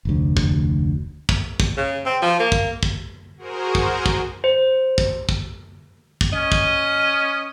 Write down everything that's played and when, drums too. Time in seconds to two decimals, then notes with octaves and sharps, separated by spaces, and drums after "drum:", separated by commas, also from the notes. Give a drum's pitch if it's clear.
0.05 F1 D2
0.37 drum: kick
1.29 drum: kick
1.60 drum: kick
1.77 C#3
2.06 C4
2.22 F3
2.40 A#3
2.52 drum: kick
2.83 drum: kick
3.37 F#4 G#4 A#4 C5
3.75 drum: kick
4.06 drum: kick
4.44 C5
4.98 drum: kick
5.29 drum: kick
6.21 drum: kick
6.33 C#4 D#5
6.52 drum: kick